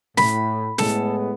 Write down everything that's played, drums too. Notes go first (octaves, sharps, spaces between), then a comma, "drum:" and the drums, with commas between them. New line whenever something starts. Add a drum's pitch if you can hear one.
A2 B5, drum: snare
A2 G#3 B3 A4, drum: snare